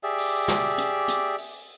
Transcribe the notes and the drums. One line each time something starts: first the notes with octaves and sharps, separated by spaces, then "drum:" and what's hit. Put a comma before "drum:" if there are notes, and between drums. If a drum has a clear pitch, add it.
G4 G#4 D5 E5
drum: open hi-hat
drum: snare
drum: hi-hat
drum: hi-hat
drum: open hi-hat